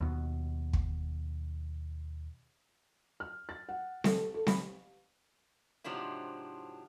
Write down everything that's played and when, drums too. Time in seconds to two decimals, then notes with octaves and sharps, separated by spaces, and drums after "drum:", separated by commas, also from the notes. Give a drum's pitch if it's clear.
0.01 D#2 B2
0.73 drum: kick
3.20 F6
3.49 A6
3.69 F#5
4.04 A4, drum: snare C4
4.34 A4
4.47 B5, drum: snare C4
5.84 G#2 C3 F3 F#3 D4 E4